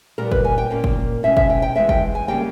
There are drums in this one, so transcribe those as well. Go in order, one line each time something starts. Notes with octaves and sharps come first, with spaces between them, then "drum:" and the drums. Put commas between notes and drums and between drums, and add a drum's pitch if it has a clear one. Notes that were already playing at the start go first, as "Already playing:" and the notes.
A#2 G3 B3 A#4
B4, drum: kick
G#5
G5
A#2 A#3 C#4
drum: kick
B2 G#3 C#4 E5
E5, drum: kick
G5
G5
E2 B2 G#3 B3 E5
G5, drum: kick
G#5
C#3 G3 A#3 G5